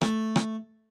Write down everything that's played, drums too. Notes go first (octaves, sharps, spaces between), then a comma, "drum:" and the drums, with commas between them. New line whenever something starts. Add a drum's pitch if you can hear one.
A3, drum: rim click
drum: rim click